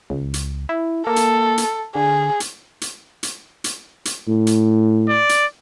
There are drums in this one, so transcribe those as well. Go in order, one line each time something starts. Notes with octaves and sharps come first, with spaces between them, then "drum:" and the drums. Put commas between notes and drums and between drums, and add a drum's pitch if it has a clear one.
C#2
drum: hi-hat
E4
A#3 A4
drum: hi-hat
drum: hi-hat
D3 G#4
drum: hi-hat
drum: hi-hat
drum: hi-hat
drum: hi-hat
drum: hi-hat
A2
drum: hi-hat
D5
drum: hi-hat